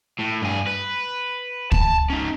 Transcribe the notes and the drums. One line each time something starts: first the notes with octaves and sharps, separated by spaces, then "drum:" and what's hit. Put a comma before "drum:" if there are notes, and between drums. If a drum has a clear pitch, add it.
A2
G2 G#4
B4
A5, drum: kick
C#4 D#4